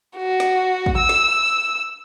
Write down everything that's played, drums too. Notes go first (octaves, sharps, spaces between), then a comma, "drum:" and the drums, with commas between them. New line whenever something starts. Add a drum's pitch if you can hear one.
F#4
drum: snare
drum: kick
E6
drum: snare